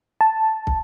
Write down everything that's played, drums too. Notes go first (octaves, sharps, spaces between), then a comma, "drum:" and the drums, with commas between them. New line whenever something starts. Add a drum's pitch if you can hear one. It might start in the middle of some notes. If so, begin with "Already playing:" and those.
A5
drum: kick